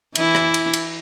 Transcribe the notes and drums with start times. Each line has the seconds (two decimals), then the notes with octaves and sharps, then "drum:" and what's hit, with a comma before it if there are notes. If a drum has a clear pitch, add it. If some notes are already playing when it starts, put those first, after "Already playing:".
0.15 E3 E4, drum: cymbal
0.35 drum: rim click
0.54 drum: cymbal
0.73 drum: cymbal